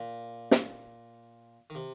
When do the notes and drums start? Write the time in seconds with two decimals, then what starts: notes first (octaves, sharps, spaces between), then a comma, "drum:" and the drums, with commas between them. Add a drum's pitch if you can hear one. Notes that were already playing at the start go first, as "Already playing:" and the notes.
Already playing: A#2
0.51 drum: snare
1.70 D#3
1.75 C3